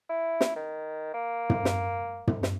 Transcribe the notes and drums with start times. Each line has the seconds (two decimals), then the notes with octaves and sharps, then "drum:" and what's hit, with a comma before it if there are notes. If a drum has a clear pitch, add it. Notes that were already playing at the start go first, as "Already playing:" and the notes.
0.09 E4
0.41 drum: snare
0.56 D#3
1.14 A#3
1.50 drum: tom
1.65 drum: snare
2.27 drum: tom
2.43 drum: snare